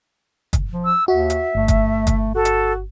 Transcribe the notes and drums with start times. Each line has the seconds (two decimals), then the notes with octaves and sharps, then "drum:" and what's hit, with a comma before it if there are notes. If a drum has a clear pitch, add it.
0.53 drum: kick, hi-hat
0.72 F3
0.85 E6
1.08 D#2 F#4 E5
1.30 drum: hi-hat
1.55 G1 A3
1.68 drum: kick, hi-hat
2.07 drum: kick, hi-hat
2.35 F#4 A4
2.45 drum: hi-hat